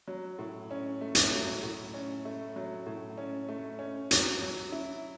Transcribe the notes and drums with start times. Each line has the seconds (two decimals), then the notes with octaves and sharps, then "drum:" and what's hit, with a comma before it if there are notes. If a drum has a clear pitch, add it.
0.08 F#3
0.39 A2
0.71 C#4
1.01 A3
1.15 drum: hi-hat
1.32 F#3
1.63 A2
1.94 C#4
2.25 A3
2.56 F#3
2.86 A2
3.18 C#4
3.49 A3
3.79 C#4
4.11 F#3, drum: hi-hat
4.41 F#3
4.72 E4